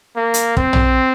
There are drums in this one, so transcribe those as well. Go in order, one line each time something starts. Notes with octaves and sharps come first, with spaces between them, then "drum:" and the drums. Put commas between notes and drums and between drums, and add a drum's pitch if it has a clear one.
A#3
drum: hi-hat
C4, drum: kick
drum: tom